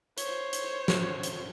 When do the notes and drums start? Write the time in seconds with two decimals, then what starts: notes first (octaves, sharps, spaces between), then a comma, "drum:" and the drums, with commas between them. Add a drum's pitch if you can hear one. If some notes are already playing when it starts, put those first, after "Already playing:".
0.18 C5 C#5, drum: hi-hat
0.53 drum: hi-hat
0.88 drum: snare
1.23 drum: hi-hat